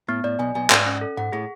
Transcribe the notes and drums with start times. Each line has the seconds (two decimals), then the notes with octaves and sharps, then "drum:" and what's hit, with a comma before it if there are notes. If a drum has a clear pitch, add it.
0.08 A2 B3
0.24 A2 D5
0.39 B1 B2 G#5
0.55 B1 B2 G#5
0.70 G#2 D5, drum: clap
0.86 C#4
1.01 A4
1.17 G#2 F#5
1.32 A2 G#4